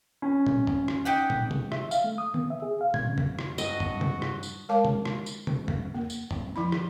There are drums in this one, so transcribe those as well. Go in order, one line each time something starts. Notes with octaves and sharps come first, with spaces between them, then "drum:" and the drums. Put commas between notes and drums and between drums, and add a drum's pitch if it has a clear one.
C#4
drum: tom
drum: tom
drum: rim click
D#4 G4 F#5
drum: tom
drum: tom
E5, drum: rim click
F5, drum: tambourine
A3
D#6
B3, drum: tom D#3
E5
G#4
F5
G#6, drum: tom
C#3
drum: tom
drum: rim click
G2 F#4 D#5, drum: tambourine
drum: tom
drum: tom
drum: rim click
drum: tambourine
G#3 A#4 C#5 F5 A5 D6
drum: tom
drum: rim click
drum: tambourine
drum: tom
drum: tom
A#3
drum: tambourine
drum: tom
F3 E4 B5
drum: rim click